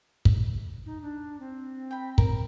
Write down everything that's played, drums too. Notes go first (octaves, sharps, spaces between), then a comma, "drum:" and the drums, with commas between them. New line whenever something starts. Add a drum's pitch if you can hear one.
drum: kick
D#4
D4
C4
G5 B5
A#4, drum: kick